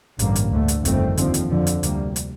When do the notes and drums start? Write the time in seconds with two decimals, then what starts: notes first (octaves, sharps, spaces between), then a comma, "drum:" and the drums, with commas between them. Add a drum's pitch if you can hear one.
0.19 A1 G2 D3 G3 A#3, drum: hi-hat
0.36 drum: hi-hat
0.52 D2 D3 A3
0.68 drum: hi-hat
0.85 G1 F2 D#3 A3 C4, drum: hi-hat
1.17 D#2 D3 F3 C4, drum: hi-hat
1.34 drum: hi-hat
1.50 F2 D3 F3
1.67 drum: hi-hat
1.83 D2 C3 G3 A#3, drum: hi-hat
2.16 drum: hi-hat